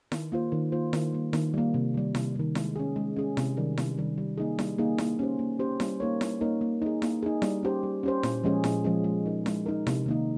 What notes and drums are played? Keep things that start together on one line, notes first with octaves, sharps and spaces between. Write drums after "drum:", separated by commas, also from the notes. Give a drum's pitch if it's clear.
D#3, drum: snare E4
A#3 F4 C5
D#3
A#3 F4 C5
D#3, drum: snare E4
G3 A#3
D#3, drum: snare E4
G3 A#3
C3
D#3 G3
C3, drum: snare E4
D#3 G3
G#3, drum: snare E4
C#4 G#4
G#3
C#4 G#4
C3, drum: snare E4
D#3 G3
C3, drum: snare E4
D#3 G3
G3
A#3 D#4 G#4
G3, drum: snare E4
A#3 D#4 G#4
A#3, drum: snare E4
C#4 G4 C5
A#3
C#4 G4 C5
G3, drum: snare E4
A#3 D#4 A#4 C#5
G3, drum: snare E4
A#3 D#4 A#4 C#5
A#3
D#4 G#4
A#3, drum: snare E4
D#4 G#4
G3, drum: snare E4
C#4 G4 C5
G3
C#4 G4 C5
A#2, drum: snare E4
F3 G#3 C#4 G#4
A#2, drum: snare E4
F3 G#3 C#4 G#4
G#3
D#4 A#4
G#3, drum: snare E4
D#4 A#4
C3, drum: snare E4
D#3 A#3 D#4